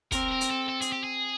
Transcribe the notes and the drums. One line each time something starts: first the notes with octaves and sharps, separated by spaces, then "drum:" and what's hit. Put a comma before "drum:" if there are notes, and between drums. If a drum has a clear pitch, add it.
C4 A#4, drum: kick, hi-hat
A#4
drum: hi-hat
A4
A4
G#4, drum: hi-hat
G4
G#4